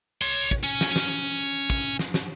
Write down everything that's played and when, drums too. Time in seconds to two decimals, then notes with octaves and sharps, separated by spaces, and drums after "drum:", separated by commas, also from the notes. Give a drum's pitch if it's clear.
0.22 C#5 C6
0.51 drum: kick
0.63 C#4
0.81 drum: snare
0.96 drum: snare
1.70 drum: kick
1.99 drum: snare
2.14 drum: snare